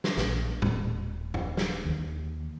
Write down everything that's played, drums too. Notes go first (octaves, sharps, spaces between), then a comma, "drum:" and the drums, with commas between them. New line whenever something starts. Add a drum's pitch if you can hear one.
drum: snare
A#1, drum: snare
D#1, drum: tom A2
drum: tom F2
drum: snare
D#2